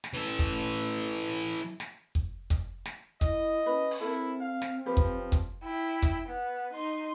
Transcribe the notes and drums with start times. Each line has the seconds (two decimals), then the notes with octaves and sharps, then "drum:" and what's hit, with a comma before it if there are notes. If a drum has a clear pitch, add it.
0.04 drum: snare
0.13 E3 A4
0.39 drum: kick, hi-hat
1.80 drum: snare
2.15 drum: kick
2.50 drum: kick, hi-hat
2.85 drum: snare
3.21 E4 D#5, drum: kick, hi-hat
3.66 C#4 B4
3.91 drum: open hi-hat
4.00 C4 E4 A4 A#4
4.41 F5
4.62 drum: snare
4.86 F3 G4 B4
4.97 drum: kick
5.32 drum: kick, hi-hat
5.64 E4 G5
6.02 drum: kick, hi-hat
6.28 B3
6.73 D#4 C6